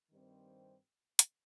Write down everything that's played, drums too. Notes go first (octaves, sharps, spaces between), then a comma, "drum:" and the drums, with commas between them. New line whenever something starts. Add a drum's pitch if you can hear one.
G2 D#3 G3 C4
drum: hi-hat